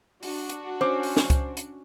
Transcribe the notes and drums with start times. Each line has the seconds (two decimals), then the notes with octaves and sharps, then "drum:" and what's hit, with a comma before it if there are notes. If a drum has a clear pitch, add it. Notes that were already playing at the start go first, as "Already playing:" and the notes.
0.23 D4 F#4, drum: open hi-hat
0.49 drum: hi-hat
0.81 C#4 C5 D6
1.03 drum: open hi-hat
1.17 drum: snare
1.30 drum: kick, hi-hat
1.57 drum: hi-hat